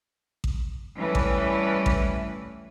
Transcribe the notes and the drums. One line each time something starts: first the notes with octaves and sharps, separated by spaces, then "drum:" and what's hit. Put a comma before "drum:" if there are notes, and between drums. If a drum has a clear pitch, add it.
drum: kick A1
E3 G3 A3 C#4 E4 B4
drum: kick A1
drum: kick A1